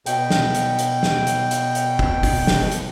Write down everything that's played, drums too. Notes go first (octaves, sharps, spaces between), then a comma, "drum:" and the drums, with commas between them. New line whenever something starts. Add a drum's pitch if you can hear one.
B2 G5, drum: hi-hat
drum: snare
drum: hi-hat
drum: hi-hat
drum: snare
drum: hi-hat
drum: hi-hat
drum: hi-hat
drum: kick
drum: kick, open hi-hat
drum: snare
drum: hi-hat